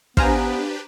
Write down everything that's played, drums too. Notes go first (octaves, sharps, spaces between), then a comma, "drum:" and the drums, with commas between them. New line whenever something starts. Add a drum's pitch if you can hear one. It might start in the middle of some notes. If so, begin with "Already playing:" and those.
B3 D4 G4 B4 C5 F5 G#5 A#5, drum: kick